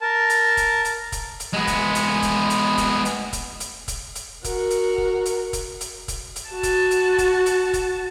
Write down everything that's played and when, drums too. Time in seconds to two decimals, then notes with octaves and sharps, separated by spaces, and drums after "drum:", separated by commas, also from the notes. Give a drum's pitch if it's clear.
0.01 A#4 A5
0.30 drum: hi-hat
0.57 drum: kick, hi-hat
0.85 drum: hi-hat
1.12 drum: kick, hi-hat
1.40 drum: hi-hat
1.53 G#3 B3
1.67 drum: kick, hi-hat
1.95 drum: hi-hat
2.22 drum: kick, hi-hat
2.50 drum: hi-hat
2.78 drum: kick, hi-hat
3.05 drum: hi-hat
3.33 drum: kick, hi-hat
3.60 drum: hi-hat
3.88 drum: kick, hi-hat
4.15 drum: hi-hat
4.44 F#4 A#4, drum: kick, hi-hat
4.70 drum: hi-hat
4.98 drum: kick
5.26 drum: hi-hat
5.53 drum: kick, hi-hat
5.81 drum: hi-hat
6.08 drum: kick, hi-hat
6.36 drum: hi-hat
6.49 F#4 A5
6.63 drum: kick, hi-hat
6.91 drum: hi-hat
7.18 drum: kick, hi-hat
7.46 drum: hi-hat
7.73 drum: kick, hi-hat